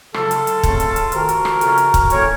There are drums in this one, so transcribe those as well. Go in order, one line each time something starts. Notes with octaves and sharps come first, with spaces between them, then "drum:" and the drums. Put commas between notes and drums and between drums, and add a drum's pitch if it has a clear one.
F2 C#3 F#3 F4 A4, drum: rim click
drum: hi-hat
drum: hi-hat
C#3 A3 C4, drum: kick, hi-hat
drum: hi-hat
drum: hi-hat
F2 C3 D#3 F#4 A#4, drum: hi-hat
drum: hi-hat
drum: rim click
F2 C#3 A3 C#4, drum: hi-hat
drum: hi-hat
drum: kick, hi-hat
A2 F#3 A#3 C#4 A#4 C#5, drum: hi-hat